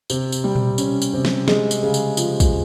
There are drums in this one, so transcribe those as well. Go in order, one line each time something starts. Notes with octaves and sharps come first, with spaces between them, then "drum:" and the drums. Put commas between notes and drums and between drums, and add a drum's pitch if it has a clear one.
C3, drum: tambourine
drum: tambourine
G3
drum: tom A#2
C#4, drum: tambourine
drum: tambourine
C3
drum: snare
G#3, drum: snare
drum: tambourine
C#3
drum: tambourine
F3, drum: tambourine
drum: kick, tambourine